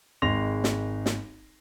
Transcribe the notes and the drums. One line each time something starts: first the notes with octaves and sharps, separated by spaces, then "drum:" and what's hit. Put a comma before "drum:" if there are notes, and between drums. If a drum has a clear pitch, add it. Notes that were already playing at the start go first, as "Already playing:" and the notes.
G#1 G#3 C6 A#6 F7
drum: snare
drum: snare